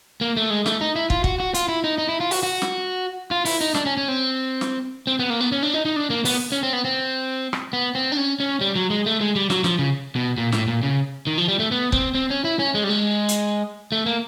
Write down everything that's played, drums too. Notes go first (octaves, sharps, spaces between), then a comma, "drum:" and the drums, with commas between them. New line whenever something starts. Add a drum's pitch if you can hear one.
A#3
A3
G#3
A3, drum: snare
D#4
E4
F4, drum: kick
F#4, drum: kick
F#4
F4, drum: hi-hat
E4
D#4
D#4
E4
F4
F#4, drum: open hi-hat
F#4
drum: snare
F4
E4, drum: open hi-hat
D#4
D4, drum: snare
C#4
C#4
C4
drum: snare
C4
B3
A#3
B3
C#4
D4
D#4
D#4
D4
A#3
B3, drum: open hi-hat
C#4
C4
B3
C4
drum: rim click
B3
C4
D4
C#4
C#4
G3
F#3
G#3
A3
G#3
G3
F#3, drum: snare
F3, drum: snare
C#3
B2
A#2
A2, drum: snare
A#2
C#3
D#3
F3
G3
A3
B3
C4, drum: kick
C4
C#4
E4
C#4
G#3
G3
G#3
drum: hi-hat
A3
A#3